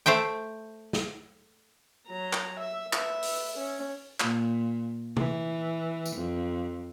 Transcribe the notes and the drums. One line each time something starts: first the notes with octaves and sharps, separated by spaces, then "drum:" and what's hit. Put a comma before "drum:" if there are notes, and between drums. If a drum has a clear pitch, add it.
A3 C5 E5 G5
drum: snare
F#3 A#5
drum: clap
E5
B4 E5, drum: clap
drum: open hi-hat
C#4
A#2, drum: clap
E3, drum: tom C3
drum: tambourine
F2